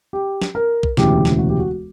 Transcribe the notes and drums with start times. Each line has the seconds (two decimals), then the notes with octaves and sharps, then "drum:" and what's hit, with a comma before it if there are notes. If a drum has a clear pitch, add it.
0.13 G4
0.42 drum: snare
0.55 A#4
0.83 drum: kick B1
0.97 E1 D2 C#3 E3 G4, drum: snare
1.25 drum: snare
1.38 F#4
1.49 G4
1.60 F#4